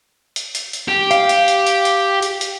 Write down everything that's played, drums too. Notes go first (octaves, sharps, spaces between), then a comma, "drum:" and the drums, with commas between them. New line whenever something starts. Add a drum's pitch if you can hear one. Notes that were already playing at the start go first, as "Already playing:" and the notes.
drum: hi-hat
drum: hi-hat
drum: hi-hat
G4
F5, drum: hi-hat
drum: hi-hat
drum: hi-hat
drum: hi-hat
drum: hi-hat
drum: hi-hat
drum: hi-hat